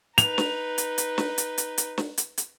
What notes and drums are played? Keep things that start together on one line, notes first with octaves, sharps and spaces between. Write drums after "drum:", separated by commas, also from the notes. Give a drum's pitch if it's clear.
D#4 B4 F7, drum: hi-hat
drum: snare
drum: hi-hat
drum: hi-hat
drum: snare
drum: hi-hat
drum: hi-hat
drum: hi-hat
drum: snare
drum: hi-hat
drum: hi-hat